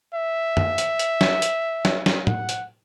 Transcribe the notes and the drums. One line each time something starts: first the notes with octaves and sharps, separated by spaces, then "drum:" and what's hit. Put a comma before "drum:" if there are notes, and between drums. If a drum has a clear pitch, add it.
E5
drum: tom
drum: hi-hat
drum: hi-hat
drum: snare
drum: hi-hat
drum: snare
drum: snare
F#5, drum: tom A2
drum: hi-hat